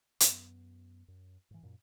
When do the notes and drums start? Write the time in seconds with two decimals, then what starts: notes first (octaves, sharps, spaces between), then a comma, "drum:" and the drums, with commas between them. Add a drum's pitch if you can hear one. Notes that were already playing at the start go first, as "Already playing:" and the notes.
0.20 F#2 B3, drum: hi-hat
1.08 F#2
1.51 G#2 E3
1.63 F#2 A#2